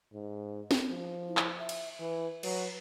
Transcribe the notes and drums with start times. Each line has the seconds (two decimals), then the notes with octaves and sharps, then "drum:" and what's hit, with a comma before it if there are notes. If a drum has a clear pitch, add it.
0.13 G#2
0.71 drum: snare
0.90 F3
1.28 E4
1.37 drum: clap
1.59 E5
1.69 drum: cymbal
2.00 E3 B4
2.43 F#3 B4, drum: cymbal